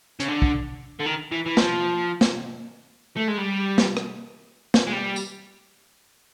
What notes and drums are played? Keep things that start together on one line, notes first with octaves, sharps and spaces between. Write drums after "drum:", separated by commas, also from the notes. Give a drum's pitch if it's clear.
C#3, drum: hi-hat
D3
drum: kick
D3
D#3
E3
E3
F3, drum: snare
drum: snare
A3
G#3
G3
drum: snare
drum: rim click
drum: snare
G#3
G3
drum: tambourine